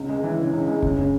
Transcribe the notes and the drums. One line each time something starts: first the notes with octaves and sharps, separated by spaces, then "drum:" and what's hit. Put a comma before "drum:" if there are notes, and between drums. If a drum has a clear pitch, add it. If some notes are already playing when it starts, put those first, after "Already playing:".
Already playing: C#2
G#3
E3
C#3
C#2
G#3
C#3, drum: kick F#1
C#3